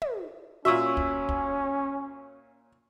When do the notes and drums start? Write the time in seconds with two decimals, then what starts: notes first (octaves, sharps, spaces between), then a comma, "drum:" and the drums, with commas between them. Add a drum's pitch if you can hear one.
0.02 drum: tom
0.65 A#2 C#4 F#4 E5 C#6 E6
0.97 drum: kick
1.29 drum: kick